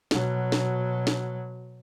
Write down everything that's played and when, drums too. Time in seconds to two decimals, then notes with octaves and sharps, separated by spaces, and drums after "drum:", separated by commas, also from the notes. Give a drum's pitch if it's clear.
0.11 B2 F#3, drum: snare
0.52 drum: snare
1.07 drum: snare